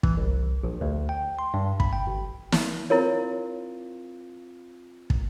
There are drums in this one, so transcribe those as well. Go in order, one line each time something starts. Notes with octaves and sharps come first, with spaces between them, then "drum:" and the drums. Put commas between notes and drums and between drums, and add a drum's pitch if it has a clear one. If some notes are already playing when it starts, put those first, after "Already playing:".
E3, drum: kick
C2
A#1
D2
G5
C6
G2
B5, drum: kick
G5
G#1
drum: snare
C4 E4 F4 A#4 C#5
drum: kick